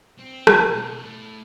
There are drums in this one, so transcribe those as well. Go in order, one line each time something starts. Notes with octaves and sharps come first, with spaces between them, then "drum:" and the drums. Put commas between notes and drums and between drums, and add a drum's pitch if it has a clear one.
C4
drum: rim click
B2 C4
A3 E4